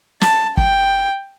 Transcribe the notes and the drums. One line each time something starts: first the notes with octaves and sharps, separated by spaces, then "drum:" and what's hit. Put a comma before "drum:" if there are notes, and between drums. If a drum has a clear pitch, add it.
A5, drum: snare
G5, drum: kick